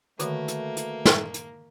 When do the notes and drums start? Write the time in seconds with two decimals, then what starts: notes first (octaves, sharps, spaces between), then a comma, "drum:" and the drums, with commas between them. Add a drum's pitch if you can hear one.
0.19 D3 D#3 A3 A#3 F#4 B4, drum: hi-hat
0.48 drum: hi-hat
0.77 drum: hi-hat
1.05 drum: snare
1.34 drum: hi-hat